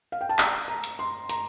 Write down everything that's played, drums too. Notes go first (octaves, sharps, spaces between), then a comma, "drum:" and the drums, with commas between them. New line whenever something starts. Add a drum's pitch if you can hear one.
F5
G5
A5
A#5, drum: clap
A#5
drum: hi-hat
C6
A#5, drum: hi-hat